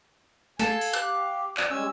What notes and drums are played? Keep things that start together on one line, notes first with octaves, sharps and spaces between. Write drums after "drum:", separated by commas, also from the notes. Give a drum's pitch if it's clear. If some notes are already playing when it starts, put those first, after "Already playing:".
A4 F5 G#5, drum: snare
drum: open hi-hat
G4 F#6
D5, drum: clap
G3 G#3 C#4 G#5 E6